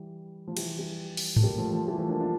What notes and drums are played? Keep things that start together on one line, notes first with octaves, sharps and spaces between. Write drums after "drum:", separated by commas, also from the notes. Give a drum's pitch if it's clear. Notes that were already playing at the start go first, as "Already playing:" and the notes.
Already playing: E3 G3
F3
E3 G3, drum: cymbal
E3 G3
drum: open hi-hat
A3, drum: tom G#2
G3 A#3
F3 A3
F3
E3 G3
F3 A3
A#3 D4
D4 F4